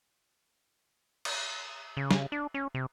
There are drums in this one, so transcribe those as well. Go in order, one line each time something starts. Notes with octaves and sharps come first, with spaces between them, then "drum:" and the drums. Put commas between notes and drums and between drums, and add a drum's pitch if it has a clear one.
drum: cymbal
C#3
drum: snare
D4
C#4
C3